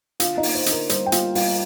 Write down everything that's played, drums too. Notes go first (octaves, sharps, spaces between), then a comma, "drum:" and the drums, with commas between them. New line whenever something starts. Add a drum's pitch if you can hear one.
D3 F4 F5, drum: hi-hat
D#4 D#5
A#3, drum: open hi-hat
C5
D3, drum: hi-hat
A#4
G3 C5, drum: hi-hat
G5
G3 F4 F5, drum: hi-hat
G3 F4 F5, drum: open hi-hat